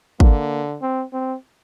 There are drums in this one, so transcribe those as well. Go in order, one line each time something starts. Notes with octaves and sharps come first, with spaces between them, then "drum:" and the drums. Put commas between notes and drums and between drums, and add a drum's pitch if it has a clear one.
D3 A#3, drum: kick
C4
C4